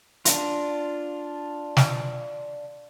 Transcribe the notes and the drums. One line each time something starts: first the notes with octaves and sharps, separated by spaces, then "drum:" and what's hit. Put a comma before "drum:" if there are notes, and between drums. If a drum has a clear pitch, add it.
D4 F4, drum: hi-hat
drum: snare